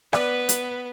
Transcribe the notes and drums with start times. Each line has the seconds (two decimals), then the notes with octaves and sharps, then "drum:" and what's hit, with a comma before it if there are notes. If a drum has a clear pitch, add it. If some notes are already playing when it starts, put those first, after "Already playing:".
0.13 B3 B4 D5, drum: rim click
0.49 drum: hi-hat